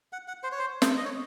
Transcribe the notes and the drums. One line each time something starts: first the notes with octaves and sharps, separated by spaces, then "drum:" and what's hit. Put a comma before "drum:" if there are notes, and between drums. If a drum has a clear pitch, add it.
F#5
F#5
C5
C#5
C5
C5, drum: snare
D#5
C#5